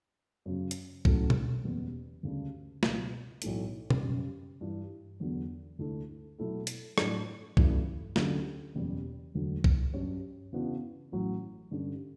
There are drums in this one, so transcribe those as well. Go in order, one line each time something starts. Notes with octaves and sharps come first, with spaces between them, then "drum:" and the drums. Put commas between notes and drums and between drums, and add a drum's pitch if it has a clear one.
F#2 C#3 F#3
drum: hi-hat
A2 F#3 A3 C#4, drum: kick B1
drum: tom B2
F#1 E2 B2 G3 B3
D2 C#3 G3 D4
C#2 B2 F#3, drum: snare
B1 A2 E3 A3, drum: hi-hat
drum: tom B2
F#2 C#3 G3
G2 E3 G3
E2 D3 F#3 B3
D2 D3 A3 E4
B2 F#3 A3 E4 A4
drum: hi-hat
A2 F#3 A3 D4, drum: rim click
A1 G2 F#3 A3 E4, drum: kick B1
D2 D3 F#3 C#4 G4, drum: snare
F#1 E2 B2 G3 C#4
E1 D2 D3 F#3
drum: kick B1
G2 F#3 C#4 G4 C#5
C#3 E3 B3 D4 F#4
A1 A2 F#3
G2 D3 G3 C#4